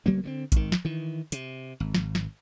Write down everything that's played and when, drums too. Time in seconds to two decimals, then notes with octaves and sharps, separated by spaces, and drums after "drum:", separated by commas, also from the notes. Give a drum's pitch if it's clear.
0.06 C#2 F#3 A#3 B3
0.23 D3 A3 C4
0.52 G#1 D#3, drum: kick A#1, hi-hat
0.72 drum: snare
0.85 D#3 E3
1.32 C3, drum: hi-hat
1.80 G#1
1.95 drum: snare
2.15 drum: snare